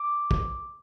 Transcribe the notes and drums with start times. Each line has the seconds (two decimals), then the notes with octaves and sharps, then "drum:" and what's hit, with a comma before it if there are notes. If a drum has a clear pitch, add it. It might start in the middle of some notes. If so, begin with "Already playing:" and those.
Already playing: D6
0.31 drum: kick